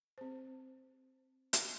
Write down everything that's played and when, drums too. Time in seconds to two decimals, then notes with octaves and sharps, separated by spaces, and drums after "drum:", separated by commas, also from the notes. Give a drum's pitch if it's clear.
0.18 C4 C5
1.53 drum: hi-hat